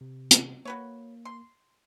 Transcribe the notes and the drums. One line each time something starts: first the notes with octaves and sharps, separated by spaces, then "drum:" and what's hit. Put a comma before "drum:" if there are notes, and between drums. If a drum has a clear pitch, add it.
C3
drum: hi-hat
A#3 F#4 B4 C#5
C6